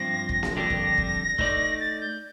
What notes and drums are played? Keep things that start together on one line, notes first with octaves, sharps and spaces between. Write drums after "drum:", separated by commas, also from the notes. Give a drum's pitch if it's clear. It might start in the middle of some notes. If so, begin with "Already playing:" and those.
Already playing: G2 F3 C4 A#6
drum: kick
drum: snare A#3
F2 D3 G3 D4 G4 A#6
drum: kick
drum: kick
A3 D#4 A#4 D5, drum: kick
A6
G6